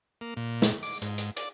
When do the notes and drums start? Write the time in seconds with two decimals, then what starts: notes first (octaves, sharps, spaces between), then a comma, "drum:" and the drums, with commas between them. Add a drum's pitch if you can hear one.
0.21 A#3
0.37 A#2
0.62 drum: snare
0.83 D6, drum: open hi-hat
1.02 G#2, drum: hi-hat
1.18 drum: hi-hat
1.36 D5, drum: hi-hat